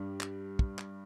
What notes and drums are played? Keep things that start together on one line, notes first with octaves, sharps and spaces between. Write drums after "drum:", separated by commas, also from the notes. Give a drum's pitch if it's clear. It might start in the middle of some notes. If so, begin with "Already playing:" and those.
Already playing: G2 G3
drum: clap
drum: kick
drum: clap